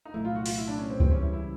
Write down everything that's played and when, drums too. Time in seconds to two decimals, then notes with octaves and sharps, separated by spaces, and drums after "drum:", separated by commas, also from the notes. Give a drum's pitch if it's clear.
0.05 D#4
0.14 C2 A#2 F#3 A3 E4
0.25 F4
0.35 F#4
0.46 F4, drum: open hi-hat
0.58 E4
0.68 D4
0.79 C#4
0.90 C4
1.00 C#2 C#3 E3 G3 C4, drum: kick C#2
1.11 C#4
1.21 E4
1.33 E4